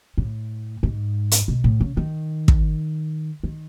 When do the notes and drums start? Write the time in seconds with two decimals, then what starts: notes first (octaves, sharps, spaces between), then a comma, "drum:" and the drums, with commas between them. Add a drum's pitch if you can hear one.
0.18 A2
0.83 G#2
1.31 drum: hi-hat
1.48 B2
1.64 A2
1.80 C#3
1.97 D#3
2.48 drum: kick
3.43 D#3